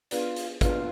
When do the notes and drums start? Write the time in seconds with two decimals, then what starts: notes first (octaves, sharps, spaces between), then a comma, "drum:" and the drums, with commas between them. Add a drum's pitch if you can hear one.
0.11 B3 D4 F4 G#4 B4 D5, drum: hi-hat
0.36 drum: hi-hat
0.61 B3 D4 F4 G#4 B4 D5, drum: kick, hi-hat